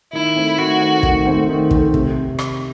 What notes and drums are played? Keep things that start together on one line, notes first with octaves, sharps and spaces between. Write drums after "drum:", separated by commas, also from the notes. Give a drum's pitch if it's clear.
D#3 E4
A3 C4
D#3 F#4
A3 C4
D#3, drum: kick
A3 C4
D#3
A3 C4, drum: kick
C3, drum: kick
drum: rim click